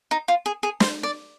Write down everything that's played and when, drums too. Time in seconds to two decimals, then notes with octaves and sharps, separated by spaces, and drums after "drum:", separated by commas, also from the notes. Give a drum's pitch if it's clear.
0.11 D#4
0.28 F4
0.46 G#4
0.63 G#4
0.80 C5, drum: snare
1.03 D5